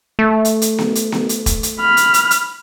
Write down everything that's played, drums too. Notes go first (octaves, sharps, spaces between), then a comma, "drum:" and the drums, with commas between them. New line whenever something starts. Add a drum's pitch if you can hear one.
A3
drum: hi-hat
drum: hi-hat
drum: snare B3
drum: hi-hat
drum: snare B3
drum: hi-hat
drum: kick E1, hi-hat
drum: hi-hat
B5 F6
drum: hi-hat
drum: hi-hat
drum: hi-hat